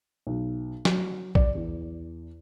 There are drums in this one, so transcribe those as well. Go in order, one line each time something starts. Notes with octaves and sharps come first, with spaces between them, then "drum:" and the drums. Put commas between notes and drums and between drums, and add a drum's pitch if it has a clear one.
B1
F#3, drum: snare
D5, drum: kick
E2